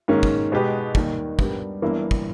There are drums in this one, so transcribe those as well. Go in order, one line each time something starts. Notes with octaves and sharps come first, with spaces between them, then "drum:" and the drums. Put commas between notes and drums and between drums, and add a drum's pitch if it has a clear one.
G#2 D#3 A#3 C#4
drum: kick
B2 G#3 B3 G4 B4
D#2 D#3 G3, drum: kick
G2 G3 B3 G4 A#4, drum: kick
G1 G2 E3 A#3 E4
drum: kick